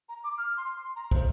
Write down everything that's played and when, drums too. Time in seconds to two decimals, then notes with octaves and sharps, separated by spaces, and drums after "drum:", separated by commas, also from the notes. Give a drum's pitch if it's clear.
0.09 A#5
0.24 D6
0.38 F6
0.57 C6
0.77 C6
0.96 A#5
1.11 C5, drum: kick